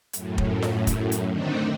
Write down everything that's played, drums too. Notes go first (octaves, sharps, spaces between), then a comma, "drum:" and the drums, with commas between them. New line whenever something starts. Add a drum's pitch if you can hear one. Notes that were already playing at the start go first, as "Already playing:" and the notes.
F#2 A2, drum: hi-hat
drum: kick
drum: snare F4
drum: kick, hi-hat
drum: hi-hat
D3 D#3 A3 C4 D4 D#4